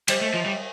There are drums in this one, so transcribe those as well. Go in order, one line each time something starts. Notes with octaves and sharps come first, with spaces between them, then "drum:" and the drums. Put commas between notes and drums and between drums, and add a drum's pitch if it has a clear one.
G3 C5, drum: cymbal
A3
F3
G3